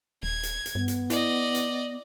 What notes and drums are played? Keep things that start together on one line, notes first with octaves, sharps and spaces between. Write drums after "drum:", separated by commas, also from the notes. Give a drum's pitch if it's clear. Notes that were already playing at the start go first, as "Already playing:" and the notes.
D#1 G#6
drum: hi-hat
drum: hi-hat
G2 B3
drum: hi-hat
E4 D5 D#5, drum: hi-hat
drum: hi-hat